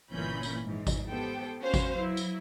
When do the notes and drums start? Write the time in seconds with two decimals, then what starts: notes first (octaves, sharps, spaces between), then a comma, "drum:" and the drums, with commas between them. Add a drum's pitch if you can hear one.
0.12 G1 A#2 E3 C#4 B5 G6
0.43 drum: tambourine
0.64 G#2 E3
0.87 drum: kick G#1, tambourine
1.08 B3 G4 A4 C5 G5
1.61 C#4 F#4 B4 C5 F5
1.74 drum: kick G#1, tambourine
1.97 F#3 E4
2.17 drum: tambourine